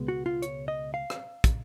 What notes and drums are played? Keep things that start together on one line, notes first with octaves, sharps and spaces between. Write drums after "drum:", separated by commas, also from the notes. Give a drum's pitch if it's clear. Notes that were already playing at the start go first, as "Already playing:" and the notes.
Already playing: C#2 B2 G#3 B3
F#4
F4
C#5, drum: hi-hat
D#5
F5
drum: rim click
drum: kick, hi-hat